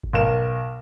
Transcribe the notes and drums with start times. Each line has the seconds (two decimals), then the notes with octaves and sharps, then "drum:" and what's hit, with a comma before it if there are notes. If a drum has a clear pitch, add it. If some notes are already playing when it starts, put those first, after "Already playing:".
0.03 drum: kick G#1
0.13 B1 A#4 E7